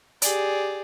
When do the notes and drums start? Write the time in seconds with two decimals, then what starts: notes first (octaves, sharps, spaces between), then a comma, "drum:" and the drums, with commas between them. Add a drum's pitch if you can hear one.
0.22 G4 G#4 D5, drum: hi-hat